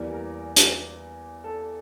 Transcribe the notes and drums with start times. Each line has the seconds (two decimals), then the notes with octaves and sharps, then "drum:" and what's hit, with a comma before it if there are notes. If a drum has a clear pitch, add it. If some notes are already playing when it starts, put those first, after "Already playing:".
Already playing: E2 E3 G3 A#3 A#4
0.14 A#4
0.56 drum: hi-hat
1.44 A4